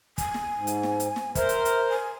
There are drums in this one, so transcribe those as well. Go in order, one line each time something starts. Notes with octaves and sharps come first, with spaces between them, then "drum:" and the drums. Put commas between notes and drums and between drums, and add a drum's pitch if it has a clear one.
G#5, drum: kick, hi-hat
drum: snare
G#2
drum: hi-hat
drum: snare
drum: hi-hat
drum: snare
A#4 C5 E5, drum: kick, hi-hat
drum: hi-hat
drum: hi-hat
G#5